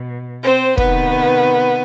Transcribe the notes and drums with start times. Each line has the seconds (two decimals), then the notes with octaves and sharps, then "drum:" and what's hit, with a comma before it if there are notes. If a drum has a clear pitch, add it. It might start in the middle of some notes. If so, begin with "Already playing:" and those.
Already playing: B2
0.44 C4 C5
0.77 C3 D#3 B3 B4, drum: kick